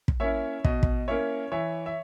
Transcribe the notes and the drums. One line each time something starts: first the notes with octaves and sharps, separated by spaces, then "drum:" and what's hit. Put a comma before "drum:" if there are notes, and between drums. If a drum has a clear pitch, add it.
drum: kick
A#3 C#4 E4 C#5 E5
B2 D#5, drum: kick
drum: kick
A#3 C#4 E4 C#5 E5
E3 C#5 E5
E5